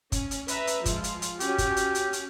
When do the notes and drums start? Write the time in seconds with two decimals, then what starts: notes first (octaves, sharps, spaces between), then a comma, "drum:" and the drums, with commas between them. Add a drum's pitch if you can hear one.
0.12 C#4, drum: kick, hi-hat
0.31 drum: hi-hat
0.48 B4 E5 A#5, drum: hi-hat
0.67 drum: hi-hat
0.86 F3 G#3 F4, drum: kick, hi-hat
1.04 drum: hi-hat
1.22 drum: hi-hat
1.40 C#4 F#4 G4, drum: hi-hat
1.58 drum: kick, hi-hat
1.77 drum: hi-hat
1.95 drum: hi-hat
2.13 drum: hi-hat